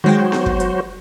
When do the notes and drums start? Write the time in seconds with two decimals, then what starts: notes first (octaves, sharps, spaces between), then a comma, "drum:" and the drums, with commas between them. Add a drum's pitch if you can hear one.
0.04 D#3 F#3 G#3 F#4 C5 G5
0.32 drum: snare B3
0.46 drum: kick
0.60 drum: hi-hat